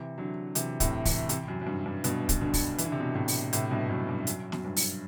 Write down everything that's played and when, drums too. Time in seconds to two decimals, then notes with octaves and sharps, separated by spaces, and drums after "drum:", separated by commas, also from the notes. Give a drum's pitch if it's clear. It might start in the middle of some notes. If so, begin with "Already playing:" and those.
Already playing: C3 E3
0.18 D3 F#3
0.55 C3 E3, drum: hi-hat
0.80 A2 C3, drum: kick, hi-hat
1.05 C3 E3, drum: kick, open hi-hat
1.29 C3 E3, drum: hi-hat
1.48 F#2
1.61 F#2
1.66 G2
1.86 G2
2.04 G2 B2, drum: hi-hat
2.29 drum: kick, hi-hat
2.41 B2 D3
2.54 drum: kick, open hi-hat
2.78 E3, drum: hi-hat
2.85 D3
2.92 C3
2.99 B2 D3
3.15 A2 C3
3.28 drum: open hi-hat
3.53 A2 C3, drum: hi-hat
3.71 G2 B2
3.89 F#2 A2
4.09 G2
4.27 F#2, drum: hi-hat
4.52 F#2, drum: snare
4.64 G2
4.76 drum: open hi-hat